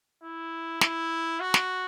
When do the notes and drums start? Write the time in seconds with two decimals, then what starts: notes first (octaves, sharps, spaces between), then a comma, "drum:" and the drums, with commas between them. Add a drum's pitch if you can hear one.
0.23 E4
0.81 E4, drum: snare
1.40 F#4
1.54 drum: snare